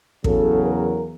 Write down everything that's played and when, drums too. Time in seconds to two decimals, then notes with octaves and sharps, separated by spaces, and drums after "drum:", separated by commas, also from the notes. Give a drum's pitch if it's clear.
0.24 E2 C#3 F#3 A4, drum: kick
0.64 A#4